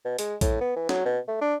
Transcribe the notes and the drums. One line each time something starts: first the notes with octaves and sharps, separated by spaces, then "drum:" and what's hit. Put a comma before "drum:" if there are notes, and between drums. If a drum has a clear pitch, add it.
B2
G#3, drum: hi-hat
A2, drum: kick A#1, hi-hat
B3
E3
F#3, drum: snare
B2
A3
D4